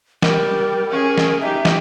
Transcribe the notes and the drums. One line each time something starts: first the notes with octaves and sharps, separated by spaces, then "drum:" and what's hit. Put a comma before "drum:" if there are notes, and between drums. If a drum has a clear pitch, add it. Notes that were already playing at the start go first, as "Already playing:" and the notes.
G3 A#4, drum: snare
C#4 G#4
drum: snare
D#4 G4 E5
drum: snare